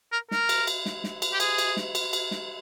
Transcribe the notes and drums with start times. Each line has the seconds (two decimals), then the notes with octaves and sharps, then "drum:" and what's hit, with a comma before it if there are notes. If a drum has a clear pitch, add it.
0.12 A#4
0.31 A#4, drum: snare
0.49 drum: cymbal
0.67 drum: cymbal
0.86 drum: snare
1.04 drum: snare
1.22 drum: cymbal
1.33 G4
1.40 G#4, drum: cymbal
1.58 drum: cymbal
1.77 drum: snare
1.95 drum: cymbal
2.13 drum: cymbal
2.31 drum: snare